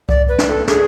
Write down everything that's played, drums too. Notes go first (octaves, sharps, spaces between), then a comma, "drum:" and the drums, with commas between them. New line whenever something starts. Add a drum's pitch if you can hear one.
D5, drum: kick C2
B4
drum: snare
A4
G#4, drum: snare